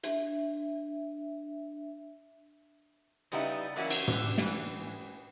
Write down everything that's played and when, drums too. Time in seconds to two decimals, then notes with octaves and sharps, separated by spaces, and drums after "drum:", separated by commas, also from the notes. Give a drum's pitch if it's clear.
0.03 D4 E5, drum: hi-hat
3.32 C#3 G3 B3 D#4 E4
3.76 E3 F#3 A#3 C#4 E4 F#4
3.91 drum: cymbal
4.08 D3 E3, drum: tom
4.38 E3, drum: snare